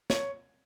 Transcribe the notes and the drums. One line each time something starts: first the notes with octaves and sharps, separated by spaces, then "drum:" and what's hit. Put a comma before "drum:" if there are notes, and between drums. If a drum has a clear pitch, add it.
C#5, drum: snare